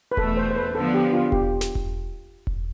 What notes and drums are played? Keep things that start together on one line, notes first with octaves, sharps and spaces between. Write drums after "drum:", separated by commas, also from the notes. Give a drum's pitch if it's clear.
B4
E2 B2 A3 A4, drum: kick E1
C5
C5
B4
D3 F3 B3 A4
G4
F4
G4, drum: kick E1
drum: snare
drum: kick E1
drum: kick E1